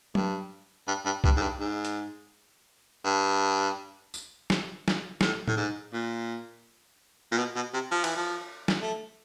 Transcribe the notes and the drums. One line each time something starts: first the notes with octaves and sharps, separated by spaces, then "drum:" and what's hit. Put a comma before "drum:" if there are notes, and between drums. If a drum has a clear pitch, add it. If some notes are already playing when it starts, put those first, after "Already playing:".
G2, drum: tom F#3
G2
G2
G2, drum: kick C2
G#2
G2
G#2
drum: hi-hat
G2
drum: tambourine
drum: snare
drum: snare
A2, drum: snare
A2, drum: tom A2
G#2
A#2
A#2
B2
B2
C3
F3
E3, drum: cymbal
F3
drum: snare
A3